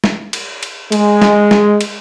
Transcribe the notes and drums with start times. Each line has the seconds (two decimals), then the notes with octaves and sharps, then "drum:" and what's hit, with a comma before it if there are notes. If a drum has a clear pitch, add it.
0.04 drum: snare
0.33 drum: cymbal
0.63 drum: cymbal
0.92 G#3, drum: cymbal
1.22 drum: snare
1.51 drum: snare
1.81 drum: cymbal